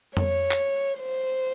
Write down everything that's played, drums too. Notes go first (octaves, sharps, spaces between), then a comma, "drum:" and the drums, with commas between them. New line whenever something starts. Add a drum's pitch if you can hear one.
C#5, drum: tom F2
drum: clap
C5